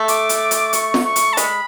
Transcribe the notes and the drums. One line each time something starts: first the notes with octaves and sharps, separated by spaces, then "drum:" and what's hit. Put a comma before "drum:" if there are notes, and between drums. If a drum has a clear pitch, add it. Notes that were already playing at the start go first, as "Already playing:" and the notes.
Already playing: A3
D6, drum: hi-hat
drum: hi-hat
drum: hi-hat
C#6, drum: hi-hat
drum: snare
C#6
drum: hi-hat
A5
G#3 B5, drum: hi-hat